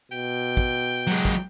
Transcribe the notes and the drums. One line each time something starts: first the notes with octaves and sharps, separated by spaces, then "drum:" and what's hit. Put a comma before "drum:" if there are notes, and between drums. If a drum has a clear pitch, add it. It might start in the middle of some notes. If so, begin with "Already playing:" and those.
B2 G5
drum: kick
F#3 G#3
drum: kick